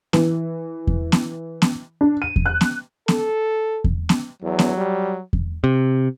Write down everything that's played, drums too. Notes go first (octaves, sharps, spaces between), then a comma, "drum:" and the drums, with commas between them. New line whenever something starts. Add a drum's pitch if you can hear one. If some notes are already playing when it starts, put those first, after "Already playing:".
E3, drum: snare B3
drum: kick E2
drum: snare B3
drum: snare B3
D4
D#7
drum: kick E2
F#6
drum: snare B3
A4, drum: snare B3
drum: kick E2
drum: snare B3
E2 F#3
drum: snare B3
G3
drum: kick E2
C3